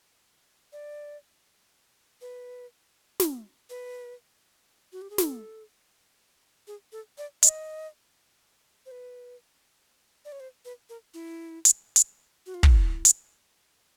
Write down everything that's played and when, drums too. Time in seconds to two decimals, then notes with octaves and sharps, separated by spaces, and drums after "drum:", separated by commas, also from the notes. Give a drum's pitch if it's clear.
0.72 D5
2.21 B4
3.20 drum: snare
3.70 B4
4.92 F#4
5.01 G4
5.10 G#4
5.18 A4, drum: snare
6.67 G#4
6.92 A4
7.18 D5
7.43 D#5, drum: hi-hat
8.86 C5
8.91 B4
10.25 D5
10.32 C#5
10.40 C5
10.65 B4
10.89 A#4
11.14 E4
11.65 drum: hi-hat
11.96 drum: hi-hat
12.46 F#4
12.54 F4
12.63 E4, drum: kick
13.05 drum: hi-hat